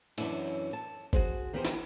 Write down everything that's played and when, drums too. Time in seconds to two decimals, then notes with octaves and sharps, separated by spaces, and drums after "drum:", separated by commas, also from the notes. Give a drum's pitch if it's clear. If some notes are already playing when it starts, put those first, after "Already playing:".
0.18 F#2 E3 C#4 D4 E4, drum: cymbal
0.73 A5
1.13 F#4 G#4 C5, drum: kick G1
1.53 D#3 E3 B3 G4 G#4 C5
1.65 drum: snare